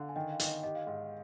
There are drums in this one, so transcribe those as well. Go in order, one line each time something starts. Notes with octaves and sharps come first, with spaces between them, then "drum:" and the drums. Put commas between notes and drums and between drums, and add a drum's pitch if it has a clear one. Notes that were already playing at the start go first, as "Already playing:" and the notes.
Already playing: D3 F5
G#5
D#3 D#5 G5
F5
D#3, drum: hi-hat
D#5
G4 D#5
F5
G#2 D#5